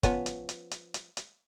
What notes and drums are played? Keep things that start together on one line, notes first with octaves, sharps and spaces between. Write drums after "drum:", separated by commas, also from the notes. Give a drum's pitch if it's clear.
F3 B3 C#4, drum: kick, hi-hat
drum: hi-hat
drum: hi-hat
drum: hi-hat
drum: hi-hat
drum: hi-hat